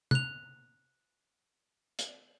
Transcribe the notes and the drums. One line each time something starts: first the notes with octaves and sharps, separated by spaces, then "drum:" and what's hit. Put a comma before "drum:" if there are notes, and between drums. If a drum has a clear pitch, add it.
F#6 F7, drum: tom
drum: hi-hat